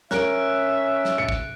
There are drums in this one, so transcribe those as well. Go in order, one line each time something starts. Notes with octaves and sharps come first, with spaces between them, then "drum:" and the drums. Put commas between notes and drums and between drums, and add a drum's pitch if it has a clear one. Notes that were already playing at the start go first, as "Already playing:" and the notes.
C#4 A#4 E5 F#6 D7, drum: snare
drum: snare
C#7
drum: kick